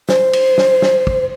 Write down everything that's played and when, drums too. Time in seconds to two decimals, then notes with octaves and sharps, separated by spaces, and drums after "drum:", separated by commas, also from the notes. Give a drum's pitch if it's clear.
0.09 C5, drum: snare
0.33 drum: cymbal
0.58 drum: snare
0.82 drum: snare
1.07 drum: kick